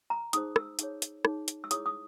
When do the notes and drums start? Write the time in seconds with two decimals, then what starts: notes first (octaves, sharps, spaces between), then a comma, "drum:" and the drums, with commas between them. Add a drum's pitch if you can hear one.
0.10 A#5
0.33 D#4 G#4 C5 D#6, drum: hi-hat
0.56 E6, drum: rim click
0.79 D#4 G#4 C#5, drum: hi-hat
1.02 drum: hi-hat
1.25 D#4 G#4 C#5, drum: rim click
1.48 drum: hi-hat
1.64 E6
1.71 E4 G#4 C#5 D#6, drum: hi-hat
1.86 D#6